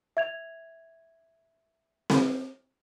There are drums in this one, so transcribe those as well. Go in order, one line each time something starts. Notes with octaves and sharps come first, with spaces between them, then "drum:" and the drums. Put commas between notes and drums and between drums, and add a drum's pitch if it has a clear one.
E5 G#6 F7
drum: snare C4